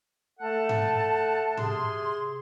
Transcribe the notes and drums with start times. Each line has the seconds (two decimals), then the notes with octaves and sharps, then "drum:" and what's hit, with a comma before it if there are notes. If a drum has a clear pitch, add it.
0.39 A3 A4 F#5 A5
0.69 drum: tom G#2
1.57 C3 G#4 C6, drum: tom G#2